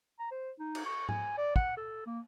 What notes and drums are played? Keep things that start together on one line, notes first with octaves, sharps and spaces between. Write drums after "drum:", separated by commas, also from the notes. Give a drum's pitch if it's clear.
A#5
C5
D#4
drum: cymbal
C#6
G#5, drum: tom G#2
D5
F#5, drum: kick
A4
A#3